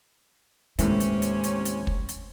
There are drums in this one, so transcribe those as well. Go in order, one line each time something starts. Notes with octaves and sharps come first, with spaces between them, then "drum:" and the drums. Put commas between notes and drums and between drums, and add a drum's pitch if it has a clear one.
D#2 A2 C3 E3 G#3 C#4, drum: hi-hat
drum: hi-hat
drum: hi-hat
drum: hi-hat
drum: hi-hat
drum: kick
drum: hi-hat